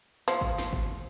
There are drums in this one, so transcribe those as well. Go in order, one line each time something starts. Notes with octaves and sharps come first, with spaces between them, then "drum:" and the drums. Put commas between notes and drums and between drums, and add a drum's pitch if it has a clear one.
F3, drum: snare
drum: kick G#1
drum: snare
drum: kick G#1